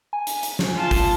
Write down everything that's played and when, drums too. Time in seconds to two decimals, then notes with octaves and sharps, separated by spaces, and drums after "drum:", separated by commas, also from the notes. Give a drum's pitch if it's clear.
0.13 G#5
0.27 drum: hi-hat
0.43 drum: hi-hat
0.59 drum: snare
0.75 F4 A5
0.91 drum: kick, open hi-hat